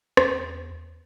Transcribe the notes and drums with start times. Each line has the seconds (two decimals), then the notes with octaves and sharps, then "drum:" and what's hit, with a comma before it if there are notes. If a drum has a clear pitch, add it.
0.17 E2, drum: rim click